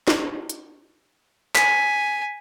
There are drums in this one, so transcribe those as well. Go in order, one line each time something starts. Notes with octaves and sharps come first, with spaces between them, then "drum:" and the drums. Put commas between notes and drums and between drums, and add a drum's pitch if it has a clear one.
drum: snare
drum: hi-hat
G#5 B6, drum: clap